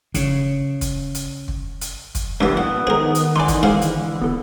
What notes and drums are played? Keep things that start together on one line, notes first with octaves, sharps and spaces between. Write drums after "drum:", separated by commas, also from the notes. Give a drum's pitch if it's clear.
C#3, drum: kick, hi-hat
drum: kick, hi-hat
drum: hi-hat
drum: kick
drum: hi-hat
drum: kick, hi-hat
D#2 A#2 E3 F3 G3 A3 B3 D4
A#2 B3 F#5
D#3 G#4 A#4 C5
drum: hi-hat
D3 E3 D#4 D5 G#5 C6
drum: kick, hi-hat
G#3 G#4 C5 F5 F#5 G#5
drum: hi-hat
D#1 B3 A4